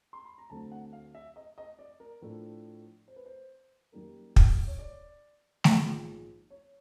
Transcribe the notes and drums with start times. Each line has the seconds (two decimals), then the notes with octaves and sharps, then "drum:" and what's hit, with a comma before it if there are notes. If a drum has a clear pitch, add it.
0.13 C6
0.25 B5
0.38 A#5
0.50 D2 D3 F#3 A3 C4 A5
0.72 F#5
0.93 F5
1.15 E5
1.36 D#5
1.58 D#5
1.79 D5
2.00 A#4
2.22 A2 F3 A3 D4
3.08 C5
3.16 B4
3.26 C5
3.92 F#2 D#3 G3 A#3
4.36 drum: kick
4.67 C#5
4.79 D5
5.64 A#1 G#2 F3 G#3, drum: snare A3
6.50 C#5